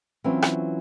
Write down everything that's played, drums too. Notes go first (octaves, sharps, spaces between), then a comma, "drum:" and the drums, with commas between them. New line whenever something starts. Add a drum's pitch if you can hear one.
E3 F#3 C4 C#4 F4
drum: rim click